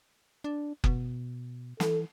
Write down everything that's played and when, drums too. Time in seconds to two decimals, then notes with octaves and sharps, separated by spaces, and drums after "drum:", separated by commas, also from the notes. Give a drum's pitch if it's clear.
0.44 D4
0.84 B2, drum: kick F#1
1.80 E3 A4, drum: snare